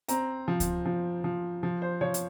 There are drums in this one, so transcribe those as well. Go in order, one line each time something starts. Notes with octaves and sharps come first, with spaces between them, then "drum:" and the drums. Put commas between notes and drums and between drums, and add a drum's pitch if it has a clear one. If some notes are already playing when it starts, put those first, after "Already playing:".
C4 A#5, drum: hi-hat
F3
drum: kick C#2, hi-hat
F3
F3
F3
C5
F3 C#5
drum: hi-hat